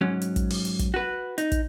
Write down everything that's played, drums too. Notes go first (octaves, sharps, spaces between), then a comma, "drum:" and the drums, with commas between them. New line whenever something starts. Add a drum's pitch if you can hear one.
G#2 F#3 C#4
drum: hi-hat
drum: kick, hi-hat
drum: open hi-hat
drum: hi-hat
drum: kick, hi-hat
F#4 B4
D#4, drum: hi-hat
drum: kick, hi-hat